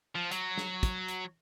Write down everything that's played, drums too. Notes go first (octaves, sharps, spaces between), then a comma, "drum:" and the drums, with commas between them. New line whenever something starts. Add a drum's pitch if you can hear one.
F3
F#3, drum: hi-hat
drum: snare
drum: kick, hi-hat
drum: hi-hat